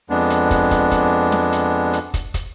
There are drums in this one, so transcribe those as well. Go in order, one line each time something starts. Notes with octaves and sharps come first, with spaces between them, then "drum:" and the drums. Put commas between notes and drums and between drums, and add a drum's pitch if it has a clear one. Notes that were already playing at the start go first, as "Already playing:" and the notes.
F2 G#3 B3 D4
drum: hi-hat
drum: kick, hi-hat
drum: kick, hi-hat
drum: kick, hi-hat
drum: snare
drum: hi-hat
drum: hi-hat
drum: kick, hi-hat
drum: kick, hi-hat